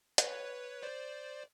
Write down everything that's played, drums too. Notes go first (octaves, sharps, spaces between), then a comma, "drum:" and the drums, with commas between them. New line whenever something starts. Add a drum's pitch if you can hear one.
B4 C#5, drum: hi-hat
C5 D5